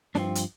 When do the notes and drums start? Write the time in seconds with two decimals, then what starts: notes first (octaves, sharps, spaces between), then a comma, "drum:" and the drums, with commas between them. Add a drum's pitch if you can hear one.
0.15 G2 F3 C4 D4, drum: snare
0.35 drum: hi-hat